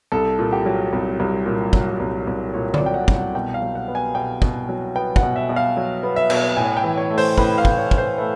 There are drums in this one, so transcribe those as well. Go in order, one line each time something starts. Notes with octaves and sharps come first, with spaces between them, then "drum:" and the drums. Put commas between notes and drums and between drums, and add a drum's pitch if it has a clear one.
C2 A4
A#2
G4
F#3
C2
C2
A#2
F#3, drum: kick
C2
C2
A#2 C#5
D5, drum: tom D3
F#3
G5
F#5
C2, drum: kick
F#5
B2 G5
F5
F#3
F#5
B3
G#5
B2 G5
B2, drum: kick
F#3
B3 G5
F#5, drum: kick
B2
E5
B2
F5
F#3
B3
E5
B2, drum: cymbal
A2 G#5
G5
E3
C#5
A3
C5, drum: open hi-hat
A2 B4, drum: kick
F5
A2, drum: kick
C#5
E3, drum: kick
C5
A3 B4